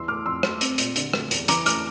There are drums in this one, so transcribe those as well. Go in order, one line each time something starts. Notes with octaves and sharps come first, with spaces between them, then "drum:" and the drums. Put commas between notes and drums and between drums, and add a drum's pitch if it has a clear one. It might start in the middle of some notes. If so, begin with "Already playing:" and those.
Already playing: E2 E3 C6 E6
A3 D6 F6
F2 C6 E6
A3, drum: rim click
C4, drum: hi-hat
A#2, drum: hi-hat
D3, drum: hi-hat
A3, drum: rim click
E2, drum: hi-hat
E3 A#5 D6, drum: hi-hat
A3 D6 F6, drum: hi-hat